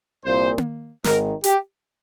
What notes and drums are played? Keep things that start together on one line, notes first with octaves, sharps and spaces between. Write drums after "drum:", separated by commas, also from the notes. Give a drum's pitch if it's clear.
C2 A#2 C5
drum: tom A#3
G#1 G#2 D#3 A#4, drum: snare
G4, drum: hi-hat